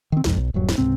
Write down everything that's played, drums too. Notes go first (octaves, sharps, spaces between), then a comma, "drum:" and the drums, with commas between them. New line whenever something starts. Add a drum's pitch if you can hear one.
D#3 C4
C2 F2 G#2, drum: snare
B1
D#1 G2 F#3
drum: snare
C#2 G#2 C3 C4